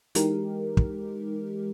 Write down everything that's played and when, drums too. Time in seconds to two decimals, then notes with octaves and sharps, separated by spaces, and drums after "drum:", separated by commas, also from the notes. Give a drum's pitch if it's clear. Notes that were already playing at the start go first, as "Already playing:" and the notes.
0.15 E3 G#3 D#4 G4 A#4, drum: hi-hat
0.77 drum: kick